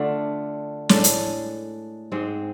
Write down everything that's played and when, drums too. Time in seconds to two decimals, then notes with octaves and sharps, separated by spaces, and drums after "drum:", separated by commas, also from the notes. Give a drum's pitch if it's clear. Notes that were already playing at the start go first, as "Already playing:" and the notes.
Already playing: D3 A3 D4 F4
0.89 A2 G#3 D4 A4, drum: snare
1.04 drum: hi-hat
2.12 G#2 G#3 C4